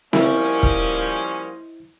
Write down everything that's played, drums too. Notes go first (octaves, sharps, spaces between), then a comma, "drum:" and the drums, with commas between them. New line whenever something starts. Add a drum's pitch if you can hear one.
F3 G3 A#3 C#4 E4 C5 D#5, drum: snare C4
drum: kick E1